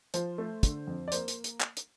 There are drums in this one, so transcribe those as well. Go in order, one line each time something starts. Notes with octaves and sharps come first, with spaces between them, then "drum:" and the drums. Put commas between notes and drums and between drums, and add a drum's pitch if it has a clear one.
F3 C5, drum: hi-hat
A3
D3, drum: kick, hi-hat
F2
D5
A#3 C5, drum: hi-hat
drum: hi-hat
drum: hi-hat
drum: clap
drum: hi-hat